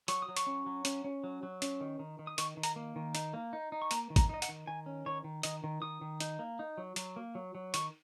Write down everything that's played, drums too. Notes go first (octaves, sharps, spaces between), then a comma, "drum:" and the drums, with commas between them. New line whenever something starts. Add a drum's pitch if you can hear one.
F#3 C#6, drum: hi-hat
D#6
F#3
C#6, drum: hi-hat
C#4
F#3
C#4, drum: hi-hat
C#4
F#3
F#3
C#4, drum: hi-hat
D#3
D#3
D#3
D#6
D#3 C#6, drum: hi-hat
D#3
A#5, drum: hi-hat
A#3
D#3
D#4, drum: hi-hat
A#3
D#4
D#4
C#6
A#3 A#5, drum: hi-hat
D#3
A#5, drum: kick, hi-hat
D#4 D#5
F#5, drum: hi-hat
D#3
D#3 G#5
C#4
D#3 C#5
D#3
D#3 D#5, drum: hi-hat
D#3
D#3 D#6
D#3
D#4, drum: hi-hat
A#3
D#4
F#3
F#3, drum: hi-hat
A#3
F#3
F#3
D#3 C#6, drum: hi-hat